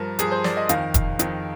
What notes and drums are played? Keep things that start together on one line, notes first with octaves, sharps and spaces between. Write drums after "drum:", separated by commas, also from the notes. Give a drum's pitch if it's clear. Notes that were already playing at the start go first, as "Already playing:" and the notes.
Already playing: G2 F3 A#4
G2 F3 G#4, drum: hi-hat
C5
D5, drum: snare
D#5
F2 D#3 F5, drum: hi-hat
drum: kick E1, hi-hat
F2 D#3, drum: hi-hat